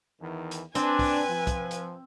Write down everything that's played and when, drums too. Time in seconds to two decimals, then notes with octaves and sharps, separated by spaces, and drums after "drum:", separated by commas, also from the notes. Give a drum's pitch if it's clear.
0.20 E2 D#3 E3
0.51 drum: hi-hat
0.75 C4 D4 B4 G#5, drum: hi-hat
0.99 drum: kick, open hi-hat
1.29 F3
1.47 drum: kick, hi-hat
1.71 drum: hi-hat